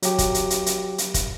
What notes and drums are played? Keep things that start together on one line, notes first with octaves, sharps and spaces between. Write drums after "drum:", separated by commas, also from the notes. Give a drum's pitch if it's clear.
F#3 G4, drum: hi-hat
drum: kick, hi-hat
drum: hi-hat
drum: hi-hat
drum: hi-hat
drum: hi-hat
drum: kick, hi-hat